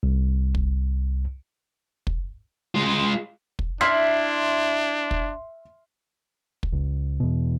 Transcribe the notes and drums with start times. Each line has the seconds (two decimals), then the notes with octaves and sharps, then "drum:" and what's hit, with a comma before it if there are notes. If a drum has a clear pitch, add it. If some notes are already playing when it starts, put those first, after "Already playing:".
0.03 C2
0.55 drum: kick
2.07 drum: kick
2.75 G#3 F4
3.59 drum: kick
3.81 D4 E4 C6 F6 C7
5.11 drum: kick
6.63 drum: kick
6.72 C#2
7.20 E2 B2